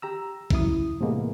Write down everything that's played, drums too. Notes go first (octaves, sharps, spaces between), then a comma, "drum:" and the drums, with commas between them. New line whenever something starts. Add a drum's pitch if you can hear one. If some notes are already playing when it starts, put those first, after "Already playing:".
G4 A#5 E6
C#2 F#2 E4 D#6, drum: kick A#1
A2 C3 E3 G#3 A#3 B3